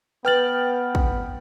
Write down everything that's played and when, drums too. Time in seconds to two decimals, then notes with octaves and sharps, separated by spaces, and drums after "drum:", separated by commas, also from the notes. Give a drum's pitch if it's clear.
0.25 B3 B4 G5 F6 A6 F#7
0.95 drum: kick